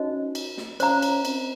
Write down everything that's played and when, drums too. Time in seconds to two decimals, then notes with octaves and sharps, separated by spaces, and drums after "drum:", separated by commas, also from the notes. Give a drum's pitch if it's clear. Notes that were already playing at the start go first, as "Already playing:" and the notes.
Already playing: C#4 D#4 F#4 C5 D#5
0.35 drum: cymbal
0.58 drum: snare
0.80 C#4 C5 F5 A#5, drum: cymbal
1.02 drum: cymbal
1.25 C4, drum: cymbal